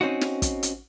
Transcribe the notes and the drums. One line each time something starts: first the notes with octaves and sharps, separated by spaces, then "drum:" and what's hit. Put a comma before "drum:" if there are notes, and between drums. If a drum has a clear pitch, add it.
C4 C#4 D#4 F#4
drum: snare
drum: kick, hi-hat
drum: hi-hat